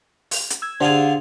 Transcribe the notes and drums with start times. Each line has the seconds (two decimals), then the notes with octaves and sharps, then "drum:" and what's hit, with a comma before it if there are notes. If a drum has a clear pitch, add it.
0.31 drum: open hi-hat
0.50 drum: hi-hat
0.62 E6 G#6
0.81 D3 D4 F4 G4 G#4 C5